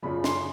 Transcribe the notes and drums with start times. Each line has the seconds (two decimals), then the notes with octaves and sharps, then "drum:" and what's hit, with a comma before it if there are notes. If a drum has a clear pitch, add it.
0.02 F#2 C#3 F3 B5
0.24 C6, drum: snare